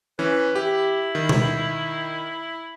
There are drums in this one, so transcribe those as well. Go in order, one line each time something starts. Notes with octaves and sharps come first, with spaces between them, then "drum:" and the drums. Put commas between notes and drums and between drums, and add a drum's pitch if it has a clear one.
E3 C#4 B4
E4 G4
D#3
drum: tom B2